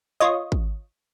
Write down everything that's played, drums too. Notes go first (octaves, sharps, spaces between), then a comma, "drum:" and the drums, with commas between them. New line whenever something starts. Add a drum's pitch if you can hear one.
F4 C#5 D#5
drum: kick G#1